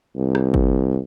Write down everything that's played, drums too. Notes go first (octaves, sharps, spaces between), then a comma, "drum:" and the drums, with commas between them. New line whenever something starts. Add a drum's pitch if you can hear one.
C2
drum: rim click
drum: kick G1